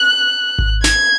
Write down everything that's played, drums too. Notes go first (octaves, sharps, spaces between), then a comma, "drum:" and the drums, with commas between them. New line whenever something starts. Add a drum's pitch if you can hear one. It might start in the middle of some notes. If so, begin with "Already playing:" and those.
Already playing: F#6
drum: kick G#1
G#6, drum: snare